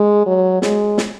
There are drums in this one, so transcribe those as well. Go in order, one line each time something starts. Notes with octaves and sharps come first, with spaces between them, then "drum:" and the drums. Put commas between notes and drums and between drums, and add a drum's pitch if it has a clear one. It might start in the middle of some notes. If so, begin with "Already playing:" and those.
Already playing: G#3
F#3
G#3, drum: snare
drum: snare